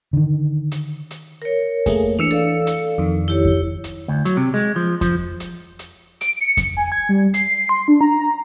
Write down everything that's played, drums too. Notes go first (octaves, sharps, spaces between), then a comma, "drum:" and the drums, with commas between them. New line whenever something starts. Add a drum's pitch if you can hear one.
D3 D#3
drum: hi-hat
drum: hi-hat
A#4 C#5
A3 A#3 G#4, drum: kick F2, hi-hat
E3 D4 E6 C#7
A4 D5 F5
drum: hi-hat
F2 D#3
E4 G4 C#5
drum: kick F2
drum: hi-hat
D2
F#3, drum: hi-hat
C3
G#3
F3
F3, drum: kick F2, hi-hat
drum: hi-hat
drum: hi-hat
D7, drum: hi-hat
C#7
drum: kick F2, hi-hat
G#5
G#6
G3
C7, drum: hi-hat
C6
D4
A#5
A#5